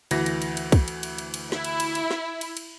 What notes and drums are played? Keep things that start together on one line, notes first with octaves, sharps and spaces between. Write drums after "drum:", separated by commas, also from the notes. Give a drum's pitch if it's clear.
D2 E3 A#6, drum: cymbal
drum: cymbal
drum: cymbal
drum: cymbal
drum: kick, cymbal
drum: cymbal
drum: cymbal
drum: cymbal
drum: cymbal
E4, drum: snare
drum: cymbal
drum: cymbal
drum: cymbal
drum: snare
drum: cymbal
drum: cymbal